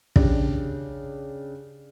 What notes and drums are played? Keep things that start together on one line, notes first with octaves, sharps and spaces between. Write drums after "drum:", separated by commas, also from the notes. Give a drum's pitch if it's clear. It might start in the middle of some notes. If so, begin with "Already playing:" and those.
C#3 D4 G4, drum: kick